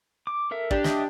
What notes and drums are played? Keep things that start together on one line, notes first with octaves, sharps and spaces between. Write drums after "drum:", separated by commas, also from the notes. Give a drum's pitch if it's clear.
D6
A4 A#4 E5
D4 G4, drum: kick
D#5 E5 D#6, drum: snare